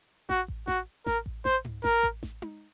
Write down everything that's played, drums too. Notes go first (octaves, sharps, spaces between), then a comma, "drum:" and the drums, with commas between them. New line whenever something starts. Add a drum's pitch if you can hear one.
F#4, drum: snare A1
drum: kick A1
F#4, drum: snare A1
A#4, drum: snare A1
drum: kick A1
C5, drum: snare A1
drum: tom G#2
A#4, drum: snare A1
drum: kick A1
drum: snare A1
drum: tom D#4